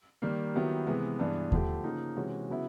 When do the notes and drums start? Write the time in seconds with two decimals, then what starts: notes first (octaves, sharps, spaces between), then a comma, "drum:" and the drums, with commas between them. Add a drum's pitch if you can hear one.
0.22 D#3 G3 A#3
0.54 D#3 F#3 B3 E4 G4
0.87 C3 E3 G#3 B3
1.19 G2 E3 G#3 B3 D4
1.52 D3 F3 A3 D4 G4, drum: kick D#2
1.84 C#3 F3 A#3 D#4
2.16 C3 E3 G#3 C#4 F#4
2.50 C#3 F#3 B3 E4